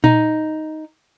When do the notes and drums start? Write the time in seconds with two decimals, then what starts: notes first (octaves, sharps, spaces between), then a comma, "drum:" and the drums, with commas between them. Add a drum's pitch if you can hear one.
0.04 D#4, drum: tom A#2